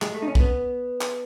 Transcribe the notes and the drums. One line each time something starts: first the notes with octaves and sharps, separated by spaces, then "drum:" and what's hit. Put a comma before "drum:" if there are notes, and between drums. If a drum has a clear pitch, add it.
G#3, drum: clap
A3
D#4
C#4
A3, drum: kick
B3
drum: clap